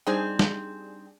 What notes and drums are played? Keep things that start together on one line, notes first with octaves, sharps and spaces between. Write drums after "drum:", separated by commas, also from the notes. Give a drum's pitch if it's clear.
G3 C4 D4 D#4 G#4 G#5
drum: snare